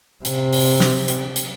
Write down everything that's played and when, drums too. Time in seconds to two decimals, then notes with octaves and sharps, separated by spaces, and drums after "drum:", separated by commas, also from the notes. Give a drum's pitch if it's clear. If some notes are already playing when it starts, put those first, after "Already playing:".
0.25 C3, drum: hi-hat
0.53 drum: open hi-hat
0.80 drum: snare
1.08 drum: hi-hat
1.36 drum: hi-hat